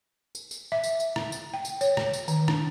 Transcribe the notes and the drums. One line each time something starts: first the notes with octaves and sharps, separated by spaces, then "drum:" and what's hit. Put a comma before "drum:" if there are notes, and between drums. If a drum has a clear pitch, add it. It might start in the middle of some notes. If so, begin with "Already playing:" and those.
drum: tambourine
drum: tambourine
E5
drum: tambourine
drum: tambourine
drum: rim click
drum: tambourine
G5
drum: tambourine
C#5, drum: tambourine
drum: rim click
drum: tambourine
D#3, drum: tambourine
D4, drum: rim click